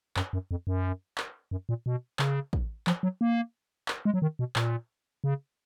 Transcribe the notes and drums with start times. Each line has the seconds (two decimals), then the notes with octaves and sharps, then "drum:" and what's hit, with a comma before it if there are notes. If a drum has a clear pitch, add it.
0.16 F#2, drum: clap
0.33 F#2
0.51 F2
0.67 F#2
1.18 drum: clap
1.51 F#2
1.69 A#2
1.86 B2
2.19 C#3, drum: clap
2.53 drum: kick
2.87 F3, drum: clap
3.03 F#3
3.21 A#3
3.88 drum: clap
4.05 G#3
4.14 F#3
4.22 D#3
4.39 B2
4.56 A#2, drum: clap
5.24 C#3